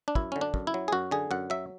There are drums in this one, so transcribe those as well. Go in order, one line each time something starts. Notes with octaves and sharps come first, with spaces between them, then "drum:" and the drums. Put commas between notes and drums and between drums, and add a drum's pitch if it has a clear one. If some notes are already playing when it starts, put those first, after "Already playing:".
D4
F#2 E4, drum: kick
D3 C#4
D4
F#2, drum: kick
E4
F#3
G#4
F#2 F#4
D3 G#4
F#2 F#5
F#3 E5